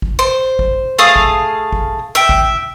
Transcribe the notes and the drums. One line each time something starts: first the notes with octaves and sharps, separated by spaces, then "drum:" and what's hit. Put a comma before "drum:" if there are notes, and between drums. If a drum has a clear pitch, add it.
drum: kick
C5
drum: kick
A3 G#4 F5 D#6
drum: kick
drum: kick
E5 G5
drum: kick